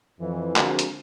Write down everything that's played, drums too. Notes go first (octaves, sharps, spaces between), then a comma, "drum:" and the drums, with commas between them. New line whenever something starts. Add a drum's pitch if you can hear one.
F2 E3
D3 F3 G#3 C4 F#4 A#4, drum: clap
drum: hi-hat